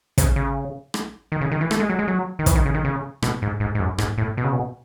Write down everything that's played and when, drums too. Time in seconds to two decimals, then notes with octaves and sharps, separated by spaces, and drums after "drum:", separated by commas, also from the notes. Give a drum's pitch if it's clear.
0.18 C#3, drum: kick, hi-hat
0.36 C#3
0.94 drum: rim click
1.32 D#3
1.41 C#3
1.52 D#3
1.61 E3
1.71 A3, drum: rim click
1.80 G#3
1.90 F#3
1.99 G#3
2.08 F#3
2.39 D#3
2.46 E3, drum: kick, hi-hat
2.55 D#3
2.66 C#3
2.74 D#3
2.85 C#3
3.22 B2, drum: rim click
3.42 G#2
3.60 G#2
3.75 G#2
3.80 F#2
3.98 G#2, drum: rim click
4.18 A2
4.37 B2
4.44 C#3
4.53 B2